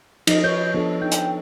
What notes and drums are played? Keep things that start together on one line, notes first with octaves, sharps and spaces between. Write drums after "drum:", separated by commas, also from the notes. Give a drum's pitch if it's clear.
F3 D#4 D#5, drum: cymbal
B4 C#5 G6
F3 B3 D4 A4
D#4 G5
drum: hi-hat